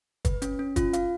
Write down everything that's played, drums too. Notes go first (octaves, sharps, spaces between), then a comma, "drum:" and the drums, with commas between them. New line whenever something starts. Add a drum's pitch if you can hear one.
B4, drum: kick, hi-hat
C#4, drum: hi-hat
C#4
F4, drum: kick, hi-hat
F5, drum: hi-hat